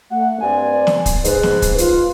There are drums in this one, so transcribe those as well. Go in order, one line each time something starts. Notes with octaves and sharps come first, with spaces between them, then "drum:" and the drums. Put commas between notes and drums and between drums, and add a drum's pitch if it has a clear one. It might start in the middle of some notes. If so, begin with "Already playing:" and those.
A3 F#5
G2 C4 D5 G#5
drum: snare
drum: kick, hi-hat
G#2 B4, drum: hi-hat
drum: snare
drum: kick, hi-hat
F4, drum: hi-hat